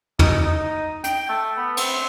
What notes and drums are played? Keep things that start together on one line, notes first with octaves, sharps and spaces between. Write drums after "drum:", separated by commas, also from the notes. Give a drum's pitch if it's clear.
D#4, drum: tom
D#4
G5, drum: hi-hat
A3
B3
C4, drum: cymbal